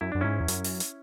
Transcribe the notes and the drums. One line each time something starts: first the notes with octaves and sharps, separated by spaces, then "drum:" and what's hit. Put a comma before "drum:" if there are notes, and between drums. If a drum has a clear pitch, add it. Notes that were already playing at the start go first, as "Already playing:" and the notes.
F#2 E4
F#2 D4
G#2 C#4 E4
E2
F#2, drum: hi-hat
drum: open hi-hat
drum: hi-hat